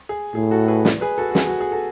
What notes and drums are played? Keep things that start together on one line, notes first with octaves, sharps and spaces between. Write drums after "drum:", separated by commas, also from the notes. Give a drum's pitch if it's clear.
G#4
A2 G#4
F#4 A4
G#4 B4
B4 D5, drum: snare
G#4 B4
F#4 A4
F#4
G#4, drum: snare
F#4
G#4
F#4 A4